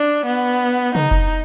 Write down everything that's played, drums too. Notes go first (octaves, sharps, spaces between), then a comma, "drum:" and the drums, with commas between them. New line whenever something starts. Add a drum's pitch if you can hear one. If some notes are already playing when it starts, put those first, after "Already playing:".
Already playing: D4
B3
D#4, drum: tom C3
drum: kick F1